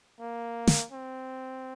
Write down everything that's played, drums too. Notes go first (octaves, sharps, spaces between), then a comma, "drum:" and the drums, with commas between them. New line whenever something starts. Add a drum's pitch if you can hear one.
A#3
drum: snare
C4